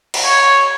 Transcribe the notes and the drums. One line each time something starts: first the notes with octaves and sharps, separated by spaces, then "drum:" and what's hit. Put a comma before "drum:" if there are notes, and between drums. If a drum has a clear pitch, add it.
drum: cymbal
C#5